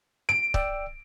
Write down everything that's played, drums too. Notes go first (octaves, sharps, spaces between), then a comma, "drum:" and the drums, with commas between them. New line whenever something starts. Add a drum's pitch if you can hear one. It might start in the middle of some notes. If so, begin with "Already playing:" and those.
D7
D5 G5 E6, drum: kick